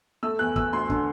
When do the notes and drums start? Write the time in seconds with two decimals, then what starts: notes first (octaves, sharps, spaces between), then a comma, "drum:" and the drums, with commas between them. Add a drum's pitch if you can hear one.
0.23 A3 E6
0.39 E2 F#6
0.56 E2 E6, drum: kick
0.73 D2 C6
0.90 D3, drum: kick